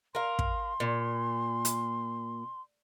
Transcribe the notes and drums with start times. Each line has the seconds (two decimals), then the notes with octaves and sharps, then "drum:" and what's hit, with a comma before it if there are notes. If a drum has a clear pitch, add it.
0.15 A#4 F5 C6
0.39 drum: kick
0.80 A#2
1.65 drum: hi-hat